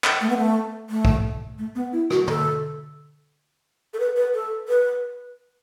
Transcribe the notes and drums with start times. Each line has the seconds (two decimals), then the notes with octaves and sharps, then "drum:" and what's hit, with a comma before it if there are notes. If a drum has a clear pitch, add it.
0.04 drum: clap
0.21 A3
0.30 B3
0.37 A3
0.90 A3
1.05 drum: kick
1.58 A3
1.75 B3
1.93 E4
2.10 F#4, drum: rim click
2.27 A4, drum: tom
3.94 A4
4.00 B4
4.16 B4
4.34 A4
4.68 B4